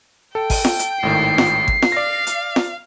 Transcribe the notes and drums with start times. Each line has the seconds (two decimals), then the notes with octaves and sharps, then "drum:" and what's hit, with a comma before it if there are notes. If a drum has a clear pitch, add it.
0.35 A4 G5
0.50 drum: kick, open hi-hat
0.65 drum: snare F4
0.79 drum: hi-hat
1.03 G#1 A2 D#3 C7
1.38 drum: snare F4
1.68 drum: kick
1.82 drum: snare F4
1.92 D5 F5 A#6
2.27 drum: hi-hat
2.56 drum: snare F4